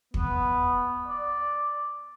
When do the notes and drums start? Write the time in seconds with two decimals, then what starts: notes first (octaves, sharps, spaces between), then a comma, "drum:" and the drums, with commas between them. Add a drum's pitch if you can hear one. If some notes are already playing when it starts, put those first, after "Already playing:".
0.14 B3, drum: kick
1.08 D5